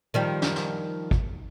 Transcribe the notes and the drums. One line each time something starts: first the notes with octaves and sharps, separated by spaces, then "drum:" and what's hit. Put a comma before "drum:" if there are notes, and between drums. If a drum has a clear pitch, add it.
D#3 F3 G3
drum: snare
drum: snare
drum: kick